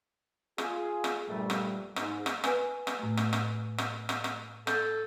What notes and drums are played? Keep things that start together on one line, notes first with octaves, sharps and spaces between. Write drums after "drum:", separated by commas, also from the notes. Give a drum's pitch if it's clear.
F4 G#4, drum: rim click
drum: rim click
A#1 G2 A#2 G3 A3
drum: rim click
G#2, drum: rim click
drum: rim click
B4 G#5, drum: rim click
drum: rim click
A2 A3
drum: rim click
drum: rim click
drum: rim click
drum: rim click
drum: rim click
A4 G6, drum: rim click